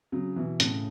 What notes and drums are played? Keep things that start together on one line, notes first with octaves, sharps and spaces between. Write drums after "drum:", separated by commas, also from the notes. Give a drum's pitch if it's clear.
C#3 F#3
B2 E3
A2 C#3, drum: hi-hat